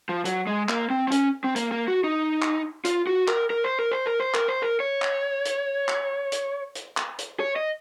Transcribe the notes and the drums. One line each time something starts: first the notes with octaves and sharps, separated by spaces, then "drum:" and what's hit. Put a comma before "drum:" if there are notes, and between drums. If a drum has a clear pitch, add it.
F3
F#3, drum: hi-hat
G#3
A#3, drum: clap
C4
C4
C#4, drum: hi-hat
C4
A#3, drum: hi-hat
A#3
F#4
D#4
drum: clap
F4, drum: hi-hat
F#4
A#4, drum: clap
A#4
C5
A#4
C5
A#4
C5
A#4, drum: clap
C5
A#4
C#5
drum: clap
drum: hi-hat
drum: clap
drum: hi-hat
drum: hi-hat
drum: clap
drum: hi-hat
C#5
D#5